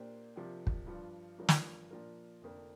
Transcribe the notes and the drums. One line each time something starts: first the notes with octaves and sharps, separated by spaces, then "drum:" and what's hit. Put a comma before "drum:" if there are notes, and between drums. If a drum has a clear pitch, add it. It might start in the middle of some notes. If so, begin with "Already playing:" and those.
Already playing: A#2 A#3 D4 G4 C5
C3 F3 A#3 D4 G4
drum: kick
G2 F3 D4 F4
G1 G2 F3 D4 A#4
drum: snare
A#2 F3 D4 A#4
F1 F2 D3 A#3 D4